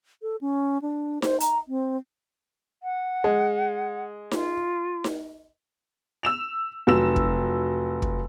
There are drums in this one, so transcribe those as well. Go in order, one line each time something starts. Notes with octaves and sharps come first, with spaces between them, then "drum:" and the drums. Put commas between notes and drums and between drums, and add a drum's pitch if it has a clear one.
A4
C#4
D4
C5, drum: snare D#4
A#5, drum: hi-hat
C4
F#5
G#3
F4, drum: snare D#4
drum: snare D#4
E6 E7 F7
F1 F#3 E6 E7
drum: kick
drum: kick